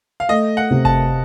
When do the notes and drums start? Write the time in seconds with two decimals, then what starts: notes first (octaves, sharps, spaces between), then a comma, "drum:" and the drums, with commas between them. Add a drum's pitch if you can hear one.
0.20 F5
0.29 A3 D#5
0.57 F#5
0.71 C3
0.85 A5, drum: kick F#1